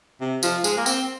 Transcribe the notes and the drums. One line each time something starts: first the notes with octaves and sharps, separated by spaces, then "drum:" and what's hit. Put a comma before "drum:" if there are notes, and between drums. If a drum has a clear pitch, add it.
C3
F3, drum: tambourine
G#3, drum: tambourine
A#3
C4, drum: tambourine